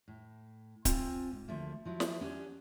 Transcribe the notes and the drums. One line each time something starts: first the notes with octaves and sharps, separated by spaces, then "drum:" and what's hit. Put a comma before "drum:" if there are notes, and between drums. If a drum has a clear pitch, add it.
A2
C4 F4 G#5, drum: kick C#1, hi-hat
G#2
D2 F3 A3 A#3
F3 F#3 E4
drum: snare
C#4 D4 F#4 G4